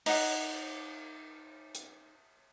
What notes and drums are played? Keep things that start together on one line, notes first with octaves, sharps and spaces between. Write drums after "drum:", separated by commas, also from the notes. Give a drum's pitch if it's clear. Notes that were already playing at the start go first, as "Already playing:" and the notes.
D#4 F#5, drum: cymbal
drum: hi-hat